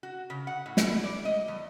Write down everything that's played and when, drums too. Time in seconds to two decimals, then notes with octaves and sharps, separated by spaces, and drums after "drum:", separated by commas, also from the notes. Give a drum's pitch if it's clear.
0.03 F#4
0.30 C#3
0.47 F#5
0.66 A2
0.77 drum: snare
0.89 E4
1.04 D5
1.25 D#5
1.48 E2